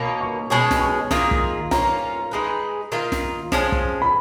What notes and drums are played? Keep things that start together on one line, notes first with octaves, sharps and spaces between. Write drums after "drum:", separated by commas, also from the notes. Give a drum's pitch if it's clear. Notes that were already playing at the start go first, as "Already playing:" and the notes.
Already playing: B2 A#3 C#4
C#6
B2 G#3 C#4 G#4 C#6
drum: snare
C#6
D#3 A#3 F4 G#4, drum: snare
drum: kick
A#3 C#4 F4 A#5, drum: snare
G#3 D#4 G#4 B4
D#3 A#3 F4
drum: snare
F3 G#3 C#4, drum: snare
drum: kick
B5